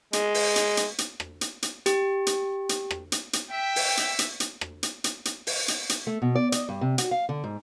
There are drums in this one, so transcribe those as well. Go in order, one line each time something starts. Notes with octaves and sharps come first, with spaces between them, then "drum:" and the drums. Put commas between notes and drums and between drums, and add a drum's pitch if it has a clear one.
G#3, drum: hi-hat
drum: open hi-hat
drum: hi-hat
drum: hi-hat
drum: hi-hat
drum: rim click
drum: hi-hat
drum: hi-hat
G4, drum: hi-hat
drum: hi-hat
drum: hi-hat
drum: rim click
drum: hi-hat
drum: hi-hat
E5 G5
drum: open hi-hat
drum: hi-hat
drum: hi-hat
drum: hi-hat
drum: rim click
drum: hi-hat
drum: hi-hat
drum: hi-hat
drum: open hi-hat
drum: hi-hat
drum: hi-hat
A3
B2
D5
D#5, drum: hi-hat
G2
C3
F#4, drum: hi-hat
F5
D3
G#2